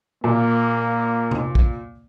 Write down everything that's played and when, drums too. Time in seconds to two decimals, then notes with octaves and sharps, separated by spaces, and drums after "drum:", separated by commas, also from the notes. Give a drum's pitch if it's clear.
0.24 A#2 A#3
1.31 drum: tom C3
1.55 drum: kick